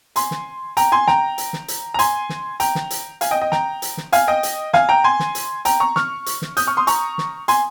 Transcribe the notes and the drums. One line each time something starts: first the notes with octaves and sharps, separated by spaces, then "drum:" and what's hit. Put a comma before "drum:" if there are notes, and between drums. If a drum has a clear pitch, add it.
G#5 C6, drum: hi-hat
drum: snare
G5 A#5, drum: hi-hat
G#5 C6
G5 A#5, drum: snare
drum: hi-hat
drum: snare
drum: hi-hat
A#5
G#5 C6, drum: hi-hat
drum: snare
G5 A#5, drum: hi-hat
drum: snare
drum: hi-hat
F5 G#5, drum: hi-hat
D#5 G5
D#5 G5
G5 A#5, drum: snare
drum: hi-hat
drum: snare
F5 G#5, drum: hi-hat
D#5 G5
drum: hi-hat
F5 G#5, drum: snare
G5 A#5
G#5 C6
drum: snare
drum: hi-hat
G5 A#5, drum: hi-hat
A#5 C#6
C#6 F6, drum: snare
drum: hi-hat
drum: snare
D#6 G6, drum: hi-hat
C#6 F6
C6 D#6
A#5 C#6, drum: hi-hat
drum: snare
G#5 C6, drum: hi-hat